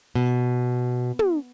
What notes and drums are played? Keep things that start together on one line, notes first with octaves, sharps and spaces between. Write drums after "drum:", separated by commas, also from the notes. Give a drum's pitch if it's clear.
B2
drum: tom